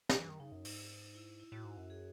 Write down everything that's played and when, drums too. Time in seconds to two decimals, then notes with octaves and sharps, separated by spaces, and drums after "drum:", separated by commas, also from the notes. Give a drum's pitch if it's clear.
0.09 drum: snare
0.19 E3
0.29 D#3
0.40 C#3 D#4
0.52 F#2
0.65 G#2, drum: open hi-hat
1.15 E4
1.40 E4
1.52 A2 F#4
1.64 G#2
1.77 F#2
1.83 F#4
1.90 G#4